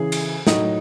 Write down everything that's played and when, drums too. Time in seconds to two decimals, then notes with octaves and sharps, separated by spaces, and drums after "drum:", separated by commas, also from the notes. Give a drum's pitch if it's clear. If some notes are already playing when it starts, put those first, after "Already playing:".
Already playing: C#3 E3 G#4
0.12 drum: cymbal
0.47 A2 F#3 D#4, drum: snare